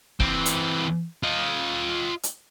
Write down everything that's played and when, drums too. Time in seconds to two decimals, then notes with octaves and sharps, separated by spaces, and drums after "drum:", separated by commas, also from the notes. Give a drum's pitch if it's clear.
0.20 E3 C4, drum: kick
0.46 drum: hi-hat
1.23 F4 D#5
2.23 drum: hi-hat